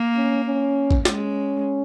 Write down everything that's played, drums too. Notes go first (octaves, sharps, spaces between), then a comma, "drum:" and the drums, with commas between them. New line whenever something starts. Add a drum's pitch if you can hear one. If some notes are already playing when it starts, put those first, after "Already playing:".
Already playing: A#3
C#4
C#4
drum: kick A1
G#3 C#4, drum: snare